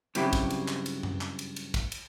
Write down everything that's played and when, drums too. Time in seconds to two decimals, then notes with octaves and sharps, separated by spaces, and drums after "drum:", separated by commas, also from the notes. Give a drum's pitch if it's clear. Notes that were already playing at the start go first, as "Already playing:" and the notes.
0.15 G2 C#3 F#3 C4 E4 G4, drum: cymbal
0.33 drum: kick, cymbal
0.50 drum: cymbal
0.68 drum: clap
0.86 drum: cymbal
1.03 drum: tom F#2
1.21 drum: clap
1.39 drum: cymbal
1.56 drum: cymbal
1.74 drum: kick, cymbal
1.92 drum: cymbal